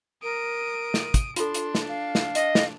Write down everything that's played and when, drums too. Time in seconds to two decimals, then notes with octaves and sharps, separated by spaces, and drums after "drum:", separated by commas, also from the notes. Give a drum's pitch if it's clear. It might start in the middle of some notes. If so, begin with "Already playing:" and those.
0.23 A#4 D#6 D7
0.94 drum: snare
1.14 drum: kick, hi-hat
1.36 D4 F4 A4 C6, drum: hi-hat
1.54 drum: hi-hat
1.75 drum: snare
1.88 F5
2.15 drum: snare
2.35 D#5, drum: hi-hat
2.55 drum: snare